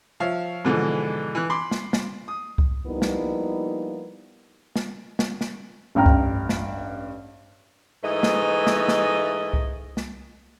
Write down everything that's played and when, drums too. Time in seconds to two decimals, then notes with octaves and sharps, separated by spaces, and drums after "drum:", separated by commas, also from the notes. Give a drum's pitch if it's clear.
0.20 F3 C#5 E5 F5
0.65 G#2 B2 D3 E3 F3
1.35 E3 F#6
1.50 B5 C6 D6
1.71 drum: snare
1.93 drum: snare
2.28 D#6
2.58 drum: kick C2
2.87 F3 G3 A#3 B3 D#4 E4
3.02 drum: snare
4.76 drum: snare
5.19 drum: snare
5.41 drum: snare
5.95 A1 G2 G5 A#5 F6
6.06 drum: kick C2
6.49 drum: snare
8.04 G#2 E3 A3 D#5
8.23 drum: snare
8.67 drum: snare
8.88 drum: snare
9.53 drum: kick C2
9.97 drum: snare